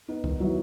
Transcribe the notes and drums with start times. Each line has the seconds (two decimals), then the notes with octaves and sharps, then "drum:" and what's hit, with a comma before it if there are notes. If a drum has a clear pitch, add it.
0.08 B3 D#4
0.24 D#3, drum: kick C#2
0.40 F#3 B3 E4